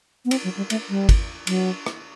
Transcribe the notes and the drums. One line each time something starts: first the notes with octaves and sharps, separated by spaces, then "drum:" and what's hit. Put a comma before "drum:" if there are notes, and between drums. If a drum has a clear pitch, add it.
B3
C4, drum: cymbal
F#3
G3
A3, drum: cymbal
G3
drum: kick, cymbal
F#3, drum: cymbal
drum: rim click